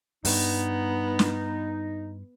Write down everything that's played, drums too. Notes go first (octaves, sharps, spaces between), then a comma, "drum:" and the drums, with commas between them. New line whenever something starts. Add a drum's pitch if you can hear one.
G2 G3 B3 D#4, drum: open hi-hat
drum: snare